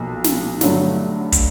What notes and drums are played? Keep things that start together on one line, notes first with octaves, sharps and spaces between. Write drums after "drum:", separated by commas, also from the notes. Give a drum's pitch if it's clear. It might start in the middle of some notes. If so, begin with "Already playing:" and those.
Already playing: B1 A#2 F3
drum: snare
G2 D3 F#3 A3, drum: snare
drum: kick, hi-hat